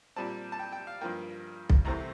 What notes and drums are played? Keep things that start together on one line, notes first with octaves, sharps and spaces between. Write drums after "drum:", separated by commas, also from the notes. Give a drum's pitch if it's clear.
A#2 G3 C4 A5
A5
G5
G5
F5
G2 F3 A#3 G5
drum: kick B1
C2 C3 E3 A3 C4 A#5